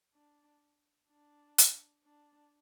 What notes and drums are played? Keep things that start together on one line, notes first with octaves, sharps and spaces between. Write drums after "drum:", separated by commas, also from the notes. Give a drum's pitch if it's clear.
D4
D4
drum: hi-hat
D4